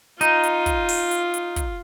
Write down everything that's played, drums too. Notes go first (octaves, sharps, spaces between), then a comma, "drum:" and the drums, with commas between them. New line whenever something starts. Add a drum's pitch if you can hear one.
D#4 F4, drum: hi-hat
drum: hi-hat
drum: kick, hi-hat
drum: open hi-hat
drum: hi-hat
drum: hi-hat
drum: kick, hi-hat